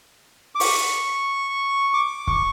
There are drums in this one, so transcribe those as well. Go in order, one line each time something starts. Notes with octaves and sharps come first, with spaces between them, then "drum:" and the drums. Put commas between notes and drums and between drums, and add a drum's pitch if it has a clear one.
D6
C#6, drum: open hi-hat
D6
C#6, drum: kick